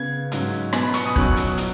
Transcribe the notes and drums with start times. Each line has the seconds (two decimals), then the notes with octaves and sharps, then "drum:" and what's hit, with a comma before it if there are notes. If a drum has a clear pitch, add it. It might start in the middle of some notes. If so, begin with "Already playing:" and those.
Already playing: C#3 B3 G#6
0.32 G#2 F#3 C#4, drum: hi-hat
0.73 B2 B3 G#5, drum: rim click
0.82 B5
0.94 C#6, drum: hi-hat
1.05 D#6
1.16 B2 F#3 C#4 F#6, drum: kick
1.37 drum: hi-hat
1.58 drum: hi-hat